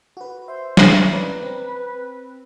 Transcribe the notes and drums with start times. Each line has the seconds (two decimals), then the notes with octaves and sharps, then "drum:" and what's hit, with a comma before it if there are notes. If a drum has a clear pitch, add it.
0.17 F#4 B4
0.48 C5 E5
0.77 drum: snare
1.12 C#4 B4 D5 A#5
1.42 C4